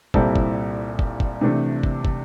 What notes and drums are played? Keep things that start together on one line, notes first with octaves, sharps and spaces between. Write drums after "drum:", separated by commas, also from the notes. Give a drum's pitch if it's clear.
C2 A#2 G3 C4 E4 A4, drum: kick
drum: kick
drum: kick
drum: kick
C3 E3 A3 D4
drum: kick
drum: kick